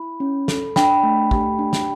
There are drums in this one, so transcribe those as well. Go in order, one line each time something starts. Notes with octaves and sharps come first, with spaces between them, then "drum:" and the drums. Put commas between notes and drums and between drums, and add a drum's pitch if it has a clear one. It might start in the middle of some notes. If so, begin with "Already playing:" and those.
Already playing: E4 B5
C#4
A4, drum: snare
D4 G5 B5, drum: snare
A3
G4, drum: kick
D4
drum: snare